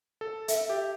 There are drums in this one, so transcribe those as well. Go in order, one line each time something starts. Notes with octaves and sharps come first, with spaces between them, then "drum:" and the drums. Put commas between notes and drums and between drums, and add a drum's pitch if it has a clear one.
A4
A4 E5, drum: hi-hat
G4 E5